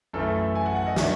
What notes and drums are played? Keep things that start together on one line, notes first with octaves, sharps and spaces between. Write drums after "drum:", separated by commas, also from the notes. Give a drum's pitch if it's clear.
F#2 E3 A3 A4
G#5
F#5
F#5
D#5
F#3 A3, drum: snare